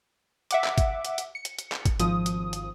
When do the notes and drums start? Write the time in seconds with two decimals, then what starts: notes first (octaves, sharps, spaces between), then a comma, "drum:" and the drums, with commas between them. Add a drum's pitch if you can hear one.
0.51 E5 F#5 D6, drum: hi-hat
0.64 drum: clap
0.78 drum: kick G#1, hi-hat
1.05 drum: hi-hat
1.18 drum: hi-hat
1.35 C#7
1.45 drum: hi-hat
1.59 drum: hi-hat
1.72 drum: clap
1.85 drum: kick G#1, hi-hat
2.00 G#1 F3 D#6, drum: hi-hat
2.26 drum: hi-hat
2.53 drum: hi-hat